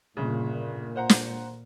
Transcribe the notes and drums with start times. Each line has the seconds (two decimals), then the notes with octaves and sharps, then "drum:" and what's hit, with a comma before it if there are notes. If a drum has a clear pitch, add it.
0.17 G1 A#2 C#3
0.96 C5 F#5 A#5
1.09 drum: snare